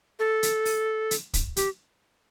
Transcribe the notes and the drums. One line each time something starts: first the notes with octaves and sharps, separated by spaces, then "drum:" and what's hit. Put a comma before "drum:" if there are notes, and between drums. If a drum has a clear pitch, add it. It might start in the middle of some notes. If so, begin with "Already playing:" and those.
A4
drum: hi-hat
drum: open hi-hat
drum: hi-hat
drum: kick, hi-hat
G4, drum: hi-hat